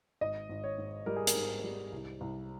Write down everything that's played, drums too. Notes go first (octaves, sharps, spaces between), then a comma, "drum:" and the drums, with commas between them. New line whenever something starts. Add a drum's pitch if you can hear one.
G#1 D#5
G#1
C#5
G#2
G3 A#4
G#4
A#4, drum: hi-hat
G#2
G3
C2
C2